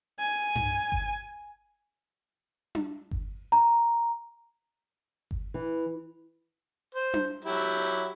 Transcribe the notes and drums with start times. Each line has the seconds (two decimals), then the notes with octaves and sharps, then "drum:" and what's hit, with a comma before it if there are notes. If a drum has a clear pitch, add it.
0.19 G#5
0.55 drum: tom G2
0.92 drum: kick G1
2.75 drum: tom D4
3.11 drum: kick G1
3.52 A#5
5.31 drum: kick G1
5.54 E3
6.95 C5
7.14 drum: tom D4
7.44 F#3 E4 G4